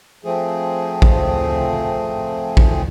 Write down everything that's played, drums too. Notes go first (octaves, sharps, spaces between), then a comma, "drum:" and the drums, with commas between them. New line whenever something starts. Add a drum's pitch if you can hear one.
F3 A3 C4 G#4
drum: kick
drum: kick